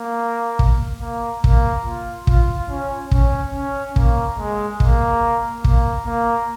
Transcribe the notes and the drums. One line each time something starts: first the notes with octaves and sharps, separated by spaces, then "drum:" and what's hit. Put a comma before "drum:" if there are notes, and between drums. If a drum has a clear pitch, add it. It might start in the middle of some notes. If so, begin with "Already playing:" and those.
Already playing: A#3
drum: kick
A#3
A#3, drum: kick
F4
F4, drum: kick
C#4
C#4, drum: kick
C#4
A#3, drum: kick
G#3
A#3, drum: kick
A#3, drum: kick
A#3